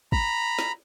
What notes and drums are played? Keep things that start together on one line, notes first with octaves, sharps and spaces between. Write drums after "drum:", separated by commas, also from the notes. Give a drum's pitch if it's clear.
A#5 B5, drum: kick
drum: snare